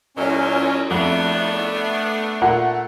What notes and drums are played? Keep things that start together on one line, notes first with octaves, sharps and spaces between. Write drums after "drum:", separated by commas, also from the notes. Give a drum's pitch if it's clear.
A#2 F#3 C#4, drum: cymbal
F2 A3 B3 D4
A#2 F#5